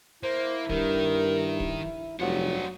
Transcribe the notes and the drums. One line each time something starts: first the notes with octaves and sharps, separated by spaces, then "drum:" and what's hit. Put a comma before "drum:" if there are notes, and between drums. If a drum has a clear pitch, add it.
A#3 E4 C5
G2 D#3 A#4, drum: kick
drum: kick
F1 G2 F#3 C4 F#5